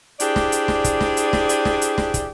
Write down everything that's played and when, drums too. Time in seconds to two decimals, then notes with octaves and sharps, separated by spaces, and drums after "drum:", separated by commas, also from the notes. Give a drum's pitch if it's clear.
0.20 D4 E4 G4 G#4 C5 D5, drum: hi-hat
0.36 drum: snare
0.52 drum: hi-hat
0.68 drum: snare
0.84 drum: kick, hi-hat
1.01 drum: snare
1.17 drum: hi-hat
1.33 drum: snare
1.49 drum: hi-hat
1.65 drum: snare
1.82 drum: hi-hat
1.98 drum: snare
2.14 drum: kick, hi-hat